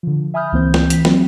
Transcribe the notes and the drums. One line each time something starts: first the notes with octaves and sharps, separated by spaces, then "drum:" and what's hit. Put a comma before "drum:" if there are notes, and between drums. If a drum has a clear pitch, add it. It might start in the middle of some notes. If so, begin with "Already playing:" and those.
D3 F3
E5 G#5 B5 D#6 F6 G6
C#2 E3 A#3 C4 C5 G6
drum: snare
E3 B6, drum: hi-hat
F#3 C4, drum: snare